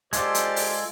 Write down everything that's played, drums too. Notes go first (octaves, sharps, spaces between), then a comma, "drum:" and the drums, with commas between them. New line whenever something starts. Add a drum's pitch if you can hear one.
G#3 F4 G4 A4 C5 D5, drum: hi-hat
drum: hi-hat
drum: open hi-hat